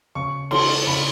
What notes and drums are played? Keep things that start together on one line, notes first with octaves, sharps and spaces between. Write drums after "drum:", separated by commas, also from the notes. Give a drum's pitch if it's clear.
C#3 C#6
E3 C6, drum: cymbal
C#3 B5